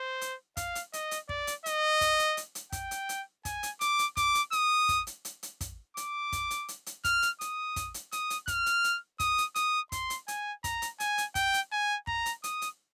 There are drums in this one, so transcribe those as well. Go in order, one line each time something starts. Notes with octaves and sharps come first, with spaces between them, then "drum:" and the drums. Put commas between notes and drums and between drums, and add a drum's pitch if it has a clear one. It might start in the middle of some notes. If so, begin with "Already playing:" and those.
Already playing: C5
drum: hi-hat
F5, drum: kick, hi-hat
drum: hi-hat
D#5, drum: hi-hat
drum: hi-hat
D5, drum: kick
drum: hi-hat
D#5, drum: hi-hat
drum: kick, hi-hat
drum: hi-hat
drum: hi-hat
drum: hi-hat
G5, drum: kick, hi-hat
drum: hi-hat
drum: hi-hat
G#5, drum: kick, hi-hat
drum: hi-hat
D6, drum: hi-hat
drum: hi-hat
D6, drum: kick, hi-hat
drum: hi-hat
D#6, drum: hi-hat
drum: kick, hi-hat
drum: hi-hat
drum: hi-hat
drum: hi-hat
drum: kick, hi-hat
D6, drum: hi-hat
drum: kick, hi-hat
drum: hi-hat
drum: hi-hat
drum: hi-hat
F6, drum: kick, hi-hat
drum: hi-hat
D#6, drum: hi-hat
drum: kick, hi-hat
drum: hi-hat
D#6, drum: hi-hat
drum: hi-hat
F6, drum: kick, hi-hat
drum: hi-hat
drum: hi-hat
D#6, drum: kick, hi-hat
drum: hi-hat
D#6, drum: hi-hat
C6, drum: kick, hi-hat
drum: hi-hat
G#5, drum: hi-hat
A#5, drum: kick, hi-hat
drum: hi-hat
G#5, drum: hi-hat
drum: hi-hat
G5, drum: kick, hi-hat
drum: hi-hat
G#5
A#5, drum: kick
drum: hi-hat
D#6, drum: hi-hat
drum: hi-hat